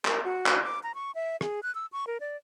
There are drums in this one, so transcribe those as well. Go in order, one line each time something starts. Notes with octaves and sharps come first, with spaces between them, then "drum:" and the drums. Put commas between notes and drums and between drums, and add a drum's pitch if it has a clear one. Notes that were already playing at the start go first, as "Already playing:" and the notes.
A#4, drum: clap
F#4
drum: clap
D6
A#5
C#6
E5
G#4, drum: rim click
F#6
E6
C#6
A#4
D5